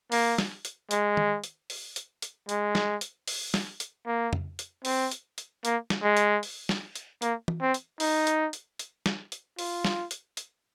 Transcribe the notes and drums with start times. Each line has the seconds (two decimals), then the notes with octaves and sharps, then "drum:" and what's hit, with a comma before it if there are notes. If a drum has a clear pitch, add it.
0.12 A#3, drum: open hi-hat
0.38 drum: snare
0.65 drum: hi-hat
0.91 G#3, drum: hi-hat
1.17 drum: tom D#3
1.44 drum: hi-hat
1.70 drum: open hi-hat
1.96 drum: hi-hat
2.22 drum: hi-hat
2.49 G#3, drum: hi-hat
2.75 drum: snare
3.01 drum: hi-hat
3.28 drum: open hi-hat
3.54 drum: snare
3.80 drum: hi-hat
4.07 A#3
4.33 drum: tom F2
4.59 drum: hi-hat
4.85 C4, drum: open hi-hat
5.11 drum: hi-hat
5.38 drum: hi-hat
5.65 A#3, drum: hi-hat
5.90 drum: snare
6.03 G#3
6.17 drum: hi-hat
6.43 drum: open hi-hat
6.69 drum: snare
6.95 drum: hi-hat
7.22 A#3, drum: hi-hat
7.48 drum: tom E3
7.61 C4
7.74 drum: hi-hat
8.00 D#4, drum: open hi-hat
8.27 drum: hi-hat
8.53 drum: hi-hat
8.79 drum: hi-hat
9.06 drum: snare
9.32 drum: hi-hat
9.59 F4, drum: open hi-hat
9.85 drum: snare
10.11 drum: hi-hat
10.37 drum: hi-hat